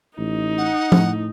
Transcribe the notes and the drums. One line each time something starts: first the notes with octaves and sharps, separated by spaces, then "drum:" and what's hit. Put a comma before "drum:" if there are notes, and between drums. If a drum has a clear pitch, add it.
A1 D#4
F#5
A2, drum: tom F3